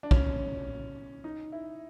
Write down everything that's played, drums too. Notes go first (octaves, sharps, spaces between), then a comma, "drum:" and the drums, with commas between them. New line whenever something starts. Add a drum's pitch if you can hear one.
D4
C#4, drum: kick
D#4
E4